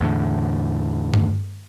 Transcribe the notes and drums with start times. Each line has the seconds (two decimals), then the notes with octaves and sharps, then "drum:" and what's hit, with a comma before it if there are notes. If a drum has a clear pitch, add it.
0.01 E2 A2 D3
1.14 drum: tom G2